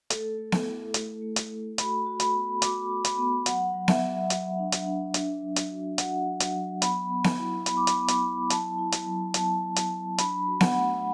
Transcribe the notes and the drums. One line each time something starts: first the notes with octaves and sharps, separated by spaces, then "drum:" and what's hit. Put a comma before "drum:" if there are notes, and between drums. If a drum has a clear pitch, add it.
A3 A4, drum: hi-hat
A3
drum: snare B3
E4
A3, drum: hi-hat
A3
drum: hi-hat
A3
F#4 B5, drum: hi-hat
F#4
B5, drum: hi-hat
B3
F#4 D6, drum: hi-hat
F#4
B5, drum: hi-hat
B3
F#3 F#5, drum: hi-hat
F#3
E5, drum: snare B3
F#3
F#3, drum: hi-hat
D4
drum: hi-hat
D4
D4, drum: hi-hat
F#3
drum: hi-hat
F#4
F#4 F#5, drum: hi-hat
F#3
drum: hi-hat
F#3
B3 B5, drum: hi-hat
B3
drum: snare B3
E4
B3 B5, drum: hi-hat
D6
B5, drum: hi-hat
B3
drum: hi-hat
E4
F#3 A5, drum: hi-hat
E4
drum: hi-hat
F#3
B3 A5, drum: hi-hat
F#3
drum: hi-hat
F#3
D4 B5, drum: hi-hat
F#4
F#5, drum: snare B3
A3